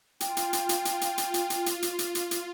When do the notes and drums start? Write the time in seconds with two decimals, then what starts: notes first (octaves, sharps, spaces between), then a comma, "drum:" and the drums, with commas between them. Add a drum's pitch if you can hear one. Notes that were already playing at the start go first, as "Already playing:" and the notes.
0.20 F4 G5, drum: hi-hat
0.37 drum: hi-hat
0.53 drum: hi-hat
0.69 drum: hi-hat
0.85 drum: hi-hat
1.01 drum: hi-hat
1.18 drum: hi-hat
1.34 drum: hi-hat
1.50 drum: hi-hat
1.66 drum: hi-hat
1.82 drum: hi-hat
1.99 drum: hi-hat
2.15 drum: hi-hat
2.31 drum: hi-hat